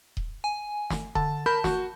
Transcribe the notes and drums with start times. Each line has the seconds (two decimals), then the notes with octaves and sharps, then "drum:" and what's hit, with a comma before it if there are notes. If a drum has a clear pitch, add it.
0.17 drum: kick D#1
0.44 G#5
0.90 drum: snare
1.15 D3 A5, drum: kick D#1
1.46 A#4 A5 B5 G6
1.64 F#4, drum: snare